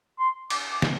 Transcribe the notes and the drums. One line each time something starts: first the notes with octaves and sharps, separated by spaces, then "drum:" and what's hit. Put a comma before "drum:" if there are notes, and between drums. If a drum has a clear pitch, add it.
C6
D6, drum: cymbal
D6
drum: snare